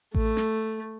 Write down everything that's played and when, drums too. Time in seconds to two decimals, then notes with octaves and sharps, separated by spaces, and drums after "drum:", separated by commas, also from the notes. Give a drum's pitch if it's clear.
0.15 A3, drum: kick A1
0.37 drum: snare